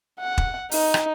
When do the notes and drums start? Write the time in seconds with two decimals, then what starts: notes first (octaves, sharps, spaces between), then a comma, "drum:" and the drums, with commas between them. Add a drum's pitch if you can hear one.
0.20 F#5
0.38 drum: kick E1
0.71 D#4, drum: open hi-hat
0.94 drum: rim click